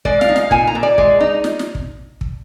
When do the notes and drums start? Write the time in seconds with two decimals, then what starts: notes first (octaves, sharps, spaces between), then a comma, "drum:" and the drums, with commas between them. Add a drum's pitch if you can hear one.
0.05 G#3 D5, drum: kick
0.21 F5, drum: snare
0.29 D#4
0.36 F5, drum: snare
0.51 A#2 G#5, drum: kick
0.67 A#5
0.75 A#2
0.83 D5
0.98 G#3, drum: kick
1.20 D#4
1.44 drum: snare
1.59 drum: snare
1.75 drum: kick
2.21 drum: kick